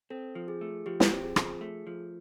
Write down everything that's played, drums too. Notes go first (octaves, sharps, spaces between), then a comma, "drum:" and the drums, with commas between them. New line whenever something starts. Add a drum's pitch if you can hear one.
C4 A4
F3
G#4
A3
F3 G4
drum: snare
C4
G#4
F3, drum: rim click
A3
F3